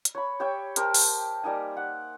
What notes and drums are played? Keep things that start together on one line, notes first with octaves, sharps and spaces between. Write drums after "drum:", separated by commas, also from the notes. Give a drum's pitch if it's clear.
drum: hi-hat
C#5 B5
G4 C#5 E5 G5
G4 A#4 C5 A5, drum: hi-hat
drum: open hi-hat
G3 A#3 D#4 G#5
F#5